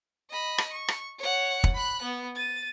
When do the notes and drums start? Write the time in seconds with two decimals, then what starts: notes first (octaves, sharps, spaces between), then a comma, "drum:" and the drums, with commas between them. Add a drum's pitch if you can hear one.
0.30 D#5 B5
0.58 drum: rim click
0.73 C#6
0.88 drum: rim click
1.19 C#5 F#5
1.64 drum: kick
1.74 B5 F#6
2.03 B3
2.35 A6 D#7